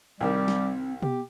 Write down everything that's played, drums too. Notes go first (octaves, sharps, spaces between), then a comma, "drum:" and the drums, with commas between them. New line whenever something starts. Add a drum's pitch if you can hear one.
C2 D#3 G3 C4
drum: snare
B3 G4, drum: tom B2